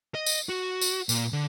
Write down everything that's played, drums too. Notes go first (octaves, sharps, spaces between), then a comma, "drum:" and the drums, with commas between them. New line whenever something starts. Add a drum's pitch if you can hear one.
D#5
drum: tambourine
F#4
drum: tambourine
A#2, drum: tambourine
D3